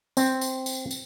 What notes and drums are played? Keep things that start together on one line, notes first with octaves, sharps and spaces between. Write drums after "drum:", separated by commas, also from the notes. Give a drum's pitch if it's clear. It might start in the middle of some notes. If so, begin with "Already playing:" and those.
C4, drum: tambourine
drum: tambourine
drum: tambourine
drum: tambourine